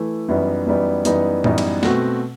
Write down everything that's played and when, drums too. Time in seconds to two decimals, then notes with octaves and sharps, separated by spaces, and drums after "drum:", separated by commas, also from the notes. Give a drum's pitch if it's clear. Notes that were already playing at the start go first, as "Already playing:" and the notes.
Already playing: E3 A3 E4
0.29 F#2 E3 G3 B3 D#4
0.67 F#2 E3 G3 B3 D#4
1.05 F#2 E3 G3 B3 D#4, drum: hi-hat
1.44 F#2 E3 G3 B3 D#4, drum: tom A2
1.58 drum: cymbal
1.83 B2 A3 C4 F#4, drum: snare